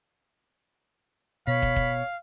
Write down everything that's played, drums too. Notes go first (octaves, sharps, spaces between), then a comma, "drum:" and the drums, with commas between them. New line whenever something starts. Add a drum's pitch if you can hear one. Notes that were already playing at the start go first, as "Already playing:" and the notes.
B2 C#5 F5 B5
drum: kick
drum: kick